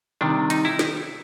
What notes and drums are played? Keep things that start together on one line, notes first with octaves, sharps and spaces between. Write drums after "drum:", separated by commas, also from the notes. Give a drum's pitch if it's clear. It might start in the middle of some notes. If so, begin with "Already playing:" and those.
C3 D#3 G3 D4
D#4, drum: hi-hat
E4
drum: snare